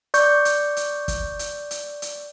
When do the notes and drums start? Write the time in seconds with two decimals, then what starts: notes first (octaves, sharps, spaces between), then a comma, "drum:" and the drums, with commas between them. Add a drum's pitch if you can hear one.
0.14 D5 C#6 G6, drum: hi-hat
0.45 drum: hi-hat
0.77 drum: hi-hat
1.08 drum: kick, hi-hat
1.39 drum: hi-hat
1.71 drum: hi-hat
2.02 drum: hi-hat